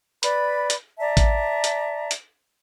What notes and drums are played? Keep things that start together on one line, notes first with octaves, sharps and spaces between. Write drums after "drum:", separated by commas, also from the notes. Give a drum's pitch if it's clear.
B4 D5 B5, drum: hi-hat
drum: hi-hat
D5 E5 A5 A#5
drum: kick A1, hi-hat
drum: hi-hat
drum: hi-hat